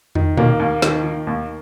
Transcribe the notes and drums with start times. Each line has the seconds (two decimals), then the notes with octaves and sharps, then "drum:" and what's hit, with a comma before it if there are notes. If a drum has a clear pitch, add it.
0.15 D#3, drum: tom
0.37 D#2 A#3, drum: tom A#2
0.59 D#2
0.82 D#3, drum: snare
1.04 D#3
1.27 D#2